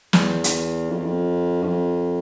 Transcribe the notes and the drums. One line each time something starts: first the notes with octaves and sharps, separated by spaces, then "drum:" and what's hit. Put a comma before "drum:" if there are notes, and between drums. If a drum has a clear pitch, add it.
E2, drum: snare
drum: hi-hat
F2
E2
F2
F#2
F2